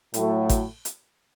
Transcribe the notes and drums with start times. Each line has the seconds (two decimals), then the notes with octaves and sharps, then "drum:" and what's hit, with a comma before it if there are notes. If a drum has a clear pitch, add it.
0.14 A2 F#3 A3, drum: hi-hat
0.49 drum: kick G#1, hi-hat
0.85 drum: hi-hat